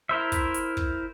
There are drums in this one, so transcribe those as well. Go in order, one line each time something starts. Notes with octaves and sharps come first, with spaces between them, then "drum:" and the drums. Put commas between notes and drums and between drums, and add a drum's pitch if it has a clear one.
E4 A#4 C5 E5
drum: kick, hi-hat
drum: hi-hat
drum: kick